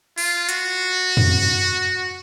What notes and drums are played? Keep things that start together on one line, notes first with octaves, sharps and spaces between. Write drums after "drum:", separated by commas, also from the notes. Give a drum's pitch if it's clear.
F4, drum: open hi-hat
F#4, drum: hi-hat
drum: tom F2